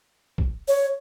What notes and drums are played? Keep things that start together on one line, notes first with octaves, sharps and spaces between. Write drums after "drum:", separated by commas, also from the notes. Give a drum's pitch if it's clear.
drum: kick A#1
C#5